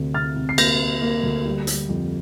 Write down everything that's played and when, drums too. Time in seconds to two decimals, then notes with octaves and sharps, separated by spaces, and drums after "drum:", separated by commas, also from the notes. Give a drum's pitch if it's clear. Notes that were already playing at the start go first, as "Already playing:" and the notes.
Already playing: D2 C3
0.14 C3 F6 A6
0.36 C3
0.49 C7
0.58 A#3 G6 A#6, drum: cymbal
0.80 A#3
1.02 A#3
1.23 D2
1.45 G3
1.67 G3, drum: hi-hat
1.89 F2